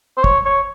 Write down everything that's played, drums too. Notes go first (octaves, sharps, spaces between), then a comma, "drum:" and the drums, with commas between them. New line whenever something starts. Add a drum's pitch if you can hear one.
C5
C#5, drum: kick
C#5